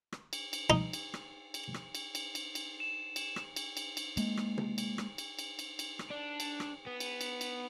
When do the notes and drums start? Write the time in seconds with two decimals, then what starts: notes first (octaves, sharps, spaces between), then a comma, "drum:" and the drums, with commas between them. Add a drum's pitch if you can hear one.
0.12 drum: rim click
0.33 drum: cymbal
0.53 drum: cymbal
0.70 D#4
0.93 drum: cymbal
1.14 drum: rim click
1.54 drum: cymbal
1.74 drum: rim click
1.95 drum: cymbal
2.15 drum: cymbal
2.35 drum: cymbal
2.55 drum: cymbal
2.80 E7
3.16 drum: cymbal
3.36 drum: rim click
3.56 drum: cymbal
3.77 drum: cymbal
3.97 drum: cymbal
4.17 G#3 A#3, drum: cymbal
4.37 drum: rim click
4.58 drum: tom
4.78 drum: cymbal
4.98 drum: rim click
5.18 drum: cymbal
5.39 drum: cymbal
5.59 drum: cymbal
5.79 drum: cymbal
5.99 drum: rim click
6.11 D4
6.40 drum: cymbal
6.60 drum: rim click
6.86 B3
7.00 drum: cymbal
7.21 drum: cymbal
7.41 drum: cymbal